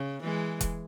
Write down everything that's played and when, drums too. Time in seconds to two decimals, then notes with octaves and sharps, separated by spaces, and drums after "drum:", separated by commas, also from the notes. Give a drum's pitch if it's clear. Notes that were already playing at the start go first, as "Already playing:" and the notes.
Already playing: C#3
0.23 E3 G#3
0.61 drum: kick E1, hi-hat